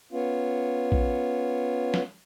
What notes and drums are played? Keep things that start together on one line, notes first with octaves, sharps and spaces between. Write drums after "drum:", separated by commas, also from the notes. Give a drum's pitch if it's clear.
B3 C#4 F4
drum: kick A#1
drum: snare